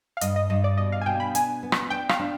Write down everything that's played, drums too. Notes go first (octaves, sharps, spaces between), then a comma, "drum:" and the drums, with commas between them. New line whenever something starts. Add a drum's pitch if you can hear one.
F5
G2 D#5, drum: hi-hat
D#5
G2 D#5
D5
B2 D#5
F5
G#5
B2 G5
B5
D4 G#5, drum: hi-hat
B3
drum: rim click
D4 G5
F5, drum: rim click
D4